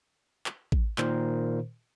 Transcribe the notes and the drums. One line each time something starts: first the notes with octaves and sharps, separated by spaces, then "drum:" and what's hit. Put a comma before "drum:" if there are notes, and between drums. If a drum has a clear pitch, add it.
drum: clap
drum: kick A1
A#2 D#3 A#4 C5, drum: clap